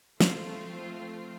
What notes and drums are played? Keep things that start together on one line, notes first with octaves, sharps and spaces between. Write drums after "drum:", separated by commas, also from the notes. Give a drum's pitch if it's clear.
F3 A3 C4 F4, drum: snare